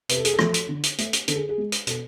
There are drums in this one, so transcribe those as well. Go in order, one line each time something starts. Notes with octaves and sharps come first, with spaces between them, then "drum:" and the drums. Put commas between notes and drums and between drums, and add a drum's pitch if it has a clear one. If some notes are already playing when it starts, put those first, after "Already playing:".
C3 B4, drum: hi-hat
A4
G#4, drum: hi-hat
A4
F3 A3, drum: rim click
drum: hi-hat
D3
drum: hi-hat
A3, drum: hi-hat
drum: hi-hat
D3 A4, drum: hi-hat
G#4
G#4
G#3
drum: hi-hat
B2 A4, drum: hi-hat